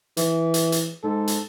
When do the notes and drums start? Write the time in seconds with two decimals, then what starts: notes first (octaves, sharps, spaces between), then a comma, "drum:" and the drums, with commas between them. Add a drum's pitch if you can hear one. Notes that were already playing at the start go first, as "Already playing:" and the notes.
0.17 E3, drum: hi-hat
0.54 drum: hi-hat
0.72 drum: hi-hat
1.04 G#2 A4
1.28 drum: hi-hat